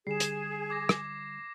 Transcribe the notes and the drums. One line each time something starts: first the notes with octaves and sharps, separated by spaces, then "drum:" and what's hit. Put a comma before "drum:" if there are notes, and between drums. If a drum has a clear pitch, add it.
D3 G3 G#4 C7 E7
drum: hi-hat
D6 G#6 A#6
drum: rim click